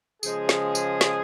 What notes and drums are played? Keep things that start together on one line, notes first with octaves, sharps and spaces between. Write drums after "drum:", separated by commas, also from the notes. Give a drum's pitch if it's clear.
C#3 F3 G#3 G#4, drum: tambourine
drum: snare
drum: tambourine
drum: snare